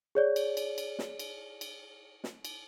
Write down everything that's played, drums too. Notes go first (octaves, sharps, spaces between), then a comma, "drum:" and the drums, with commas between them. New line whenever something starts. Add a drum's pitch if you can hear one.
G#4 C#5 D5
drum: cymbal
drum: cymbal
drum: cymbal
drum: snare
drum: cymbal
drum: cymbal
drum: snare
drum: cymbal